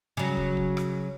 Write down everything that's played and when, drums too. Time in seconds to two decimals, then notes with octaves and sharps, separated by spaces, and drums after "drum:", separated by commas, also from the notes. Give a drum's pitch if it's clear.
0.17 C#3 F#3
0.37 drum: kick
0.57 drum: kick
0.77 drum: rim click